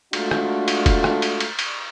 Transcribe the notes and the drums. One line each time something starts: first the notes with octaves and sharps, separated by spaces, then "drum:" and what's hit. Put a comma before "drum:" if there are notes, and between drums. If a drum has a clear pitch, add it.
G#3 A3 D4 F4 F#4 A4, drum: cymbal
drum: rim click
drum: cymbal
drum: kick F1, cymbal
drum: rim click
drum: cymbal
drum: cymbal
drum: cymbal